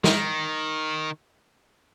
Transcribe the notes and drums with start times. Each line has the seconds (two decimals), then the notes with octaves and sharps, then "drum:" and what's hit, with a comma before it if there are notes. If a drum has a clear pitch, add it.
0.04 D#3, drum: snare